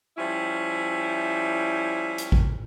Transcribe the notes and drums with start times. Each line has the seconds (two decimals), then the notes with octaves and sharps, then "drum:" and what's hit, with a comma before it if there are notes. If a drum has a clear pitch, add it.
0.17 F3 G3 C#4 E4
2.18 drum: hi-hat
2.32 drum: kick A1